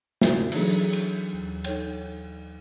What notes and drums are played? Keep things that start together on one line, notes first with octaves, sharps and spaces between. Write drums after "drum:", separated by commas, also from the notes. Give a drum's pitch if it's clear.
E4 F#4, drum: snare
E3 F#3 D4 D#4 G#4 A4, drum: cymbal
drum: cymbal
D#2
D#4 A4 C#5 G5, drum: cymbal